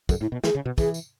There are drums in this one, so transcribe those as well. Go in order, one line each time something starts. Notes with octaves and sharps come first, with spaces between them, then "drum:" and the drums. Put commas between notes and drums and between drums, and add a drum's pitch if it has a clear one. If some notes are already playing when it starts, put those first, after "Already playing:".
F#2 A4, drum: kick, tambourine
A2 E4
B2
E3 G#4, drum: snare
C#3
B2
E3 G#4, drum: kick, tambourine
drum: tambourine